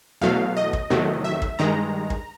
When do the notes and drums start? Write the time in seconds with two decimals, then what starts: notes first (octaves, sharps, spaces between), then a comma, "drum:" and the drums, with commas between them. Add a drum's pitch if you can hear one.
0.21 E2 B2 F#3 A3 F5
0.57 D#5
0.73 drum: kick
0.90 E2 C3 D#3 F#3 A3
1.24 E5
1.42 drum: kick
1.59 G2 D#3 G#3 A#5
2.10 drum: kick